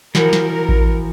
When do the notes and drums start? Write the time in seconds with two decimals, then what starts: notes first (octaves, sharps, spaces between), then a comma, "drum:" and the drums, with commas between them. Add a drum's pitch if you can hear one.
0.15 E3 F3 F#4 A#4, drum: snare
0.33 drum: snare
0.69 drum: kick A1